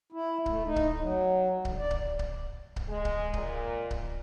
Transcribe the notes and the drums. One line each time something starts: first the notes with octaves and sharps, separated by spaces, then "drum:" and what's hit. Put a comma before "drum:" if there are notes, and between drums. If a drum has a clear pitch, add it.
E4
A3, drum: kick C#1
D#4
drum: kick C#1
F#3
D3, drum: kick C#1
D5
drum: kick C#1
drum: kick C#1
drum: kick C#1
G#3
drum: kick C#1
A#2, drum: kick C#1
drum: kick C#1